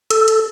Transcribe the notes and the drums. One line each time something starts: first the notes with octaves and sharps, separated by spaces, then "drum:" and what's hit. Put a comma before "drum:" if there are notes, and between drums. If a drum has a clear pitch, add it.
A4, drum: hi-hat
drum: hi-hat